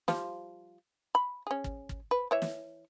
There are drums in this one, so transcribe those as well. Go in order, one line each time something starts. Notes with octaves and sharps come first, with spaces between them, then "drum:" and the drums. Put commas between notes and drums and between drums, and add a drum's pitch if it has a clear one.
F3 G3 F4, drum: snare
B5
C#4 G#4
drum: kick
drum: kick
B4
E3 C#5 E5
drum: snare